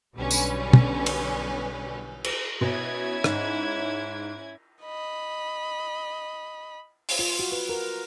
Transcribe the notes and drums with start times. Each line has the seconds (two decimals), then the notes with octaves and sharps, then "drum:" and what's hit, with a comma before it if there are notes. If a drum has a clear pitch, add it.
0.17 B1 D3 G3 C#4 B4
0.31 drum: tambourine
0.73 drum: tom
1.06 drum: cymbal
2.24 drum: cymbal
2.61 B2 C#4 E4 G#6
3.24 G#2, drum: rim click
4.83 D#5 B5
7.09 drum: open hi-hat
7.19 F4
7.39 F#4
7.52 B4
7.69 A#4